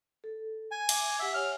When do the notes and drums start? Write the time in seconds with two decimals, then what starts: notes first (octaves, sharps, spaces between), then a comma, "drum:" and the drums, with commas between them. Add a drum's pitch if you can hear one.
0.24 A4
0.71 G#5
0.89 E5 D6, drum: cymbal
1.19 G4 E5 F#5 G#5
1.34 C#5 E5 G#5 F6